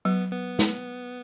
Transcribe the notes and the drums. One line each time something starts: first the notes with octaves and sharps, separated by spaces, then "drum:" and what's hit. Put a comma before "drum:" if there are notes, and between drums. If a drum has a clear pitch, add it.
F#3 B3
B3
drum: snare